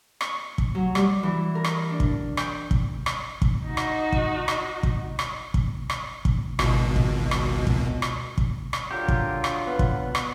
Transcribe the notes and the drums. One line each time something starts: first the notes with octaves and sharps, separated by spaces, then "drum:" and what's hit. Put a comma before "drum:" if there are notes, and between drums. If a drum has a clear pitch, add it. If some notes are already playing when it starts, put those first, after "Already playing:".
C#6, drum: rim click
drum: kick
F#3
G3, drum: rim click
E3
A#4
drum: rim click
D4
drum: kick
G5, drum: rim click
drum: kick
drum: rim click
drum: kick
D#4 F#4
drum: rim click
drum: kick
drum: rim click
drum: kick
drum: rim click
drum: kick
drum: rim click
drum: kick
G#1 C#2 B2, drum: rim click
drum: kick
drum: rim click
drum: kick
drum: rim click
drum: kick
drum: rim click
D3 F#3 F4 G4 A#4
drum: kick
drum: rim click
B3 B4
drum: kick
drum: rim click